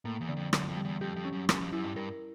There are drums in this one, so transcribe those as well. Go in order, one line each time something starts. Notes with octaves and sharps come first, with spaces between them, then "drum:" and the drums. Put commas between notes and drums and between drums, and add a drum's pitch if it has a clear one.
A2 A#3
E2
D3
F2
F#2 D3, drum: rim click
F2
G3
E2
F2 G4
F2
C#4
F#2
F#2 C#4, drum: rim click
F2
F#2 E4
G2
G2 A#4